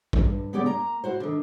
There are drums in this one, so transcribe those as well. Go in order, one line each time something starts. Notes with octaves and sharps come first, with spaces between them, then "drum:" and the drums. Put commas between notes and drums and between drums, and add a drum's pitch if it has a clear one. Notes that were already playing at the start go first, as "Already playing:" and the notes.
drum: kick
G2
C#3 B3 C#4 G4 C#5 D5
A#3 A#5
E4 F#4 C5
D3 D#3